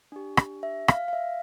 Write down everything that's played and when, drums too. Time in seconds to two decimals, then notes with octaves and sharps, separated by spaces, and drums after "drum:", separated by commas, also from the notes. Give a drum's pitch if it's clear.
0.12 D4 G4
0.37 drum: rim click
0.63 E5
0.88 F5, drum: rim click
1.08 F5
1.13 E5